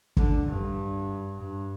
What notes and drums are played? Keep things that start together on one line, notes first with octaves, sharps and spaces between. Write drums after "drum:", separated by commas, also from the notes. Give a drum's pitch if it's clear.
D3, drum: kick
G2
G2